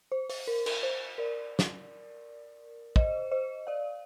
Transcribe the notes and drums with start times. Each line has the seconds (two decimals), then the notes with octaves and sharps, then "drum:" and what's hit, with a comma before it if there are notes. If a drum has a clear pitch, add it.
0.12 C5
0.30 C5, drum: open hi-hat
0.47 A#4
0.66 A#4, drum: cymbal
0.83 C5
1.18 A#4 D5
1.59 drum: snare
2.96 C5 D#5, drum: kick
3.31 C5 D#5
3.67 D5 F5